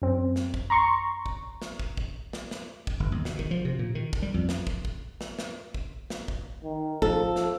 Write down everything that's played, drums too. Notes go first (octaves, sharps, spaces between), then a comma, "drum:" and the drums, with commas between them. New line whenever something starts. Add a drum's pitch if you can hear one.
F#2 C4
drum: snare
drum: kick
A#5 C6 C#6
drum: kick
drum: snare
drum: kick
drum: kick
drum: snare
drum: snare
drum: kick
G1
D#2
B2, drum: snare
D#3, drum: kick
F3
C3
A#2
D#3
drum: kick
G3
F2
drum: snare
drum: kick
drum: kick
drum: snare
drum: snare
drum: kick
drum: snare
drum: kick
D#3
F3 A4, drum: kick
drum: snare